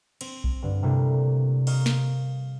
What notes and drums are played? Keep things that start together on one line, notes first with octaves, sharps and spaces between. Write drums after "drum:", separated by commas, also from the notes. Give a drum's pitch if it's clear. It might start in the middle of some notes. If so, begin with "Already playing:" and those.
C4, drum: cymbal
drum: kick B1
G2 D3
C3 G3 A3 A#3 D4 E4
A#4 D#5 F5 C#6, drum: cymbal
drum: snare